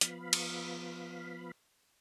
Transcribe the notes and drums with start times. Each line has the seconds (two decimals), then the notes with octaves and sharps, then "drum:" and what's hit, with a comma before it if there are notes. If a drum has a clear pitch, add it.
0.01 F3 B3 F5 B5, drum: hi-hat
0.33 drum: cymbal